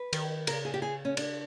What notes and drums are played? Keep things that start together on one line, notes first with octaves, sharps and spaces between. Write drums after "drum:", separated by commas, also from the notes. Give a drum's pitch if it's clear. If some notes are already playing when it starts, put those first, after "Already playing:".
Already playing: B4
D#3, drum: cymbal
C#3 A#4, drum: cymbal
G#4
G4
G#4
C#4
D4, drum: cymbal